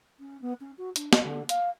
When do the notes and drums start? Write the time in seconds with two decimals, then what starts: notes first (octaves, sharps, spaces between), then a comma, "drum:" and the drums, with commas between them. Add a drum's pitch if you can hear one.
0.20 C#4
0.42 B3
0.61 C#4
0.78 F#4
0.96 D4, drum: hi-hat
1.13 D#5, drum: snare
1.24 D3
1.49 F5, drum: hi-hat